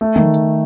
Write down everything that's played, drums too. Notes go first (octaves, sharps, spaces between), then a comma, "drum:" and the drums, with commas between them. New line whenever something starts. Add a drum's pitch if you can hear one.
A3
D#3, drum: tom
drum: hi-hat